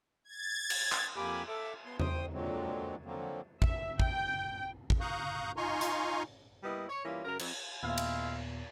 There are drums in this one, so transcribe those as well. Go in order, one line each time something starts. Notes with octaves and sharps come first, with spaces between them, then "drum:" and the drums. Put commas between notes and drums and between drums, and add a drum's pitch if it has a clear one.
G#6 A6
drum: cymbal
drum: clap
F2 A#3 G4 G#5 B5 D6
A4 E5 D6
B3 C6
C5 G5 D#6, drum: tom E2
F2 A#2 D3 F#3 G#3 C4
D3 F3 F#3 A#3 C4
E5, drum: kick
G5, drum: kick
drum: kick
F5 A#5 C#6 D#6 F#6 G6
D#4 F4 G#5 A#5 C6 C#6
drum: hi-hat
G3 A#3 B3 E4 D#5
C#5
E3 G3 A#3 C#4 F4
F#2 C#3 A#4
F2, drum: cymbal
D#2 A#2 G#3 B3 E4 F5
drum: cymbal